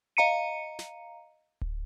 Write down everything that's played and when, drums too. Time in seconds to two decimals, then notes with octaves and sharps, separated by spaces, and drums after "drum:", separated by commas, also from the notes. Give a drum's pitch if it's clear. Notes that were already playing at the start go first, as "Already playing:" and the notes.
0.17 D#5 F5 A#5 C#7 D#7
0.79 drum: snare
1.61 drum: kick D1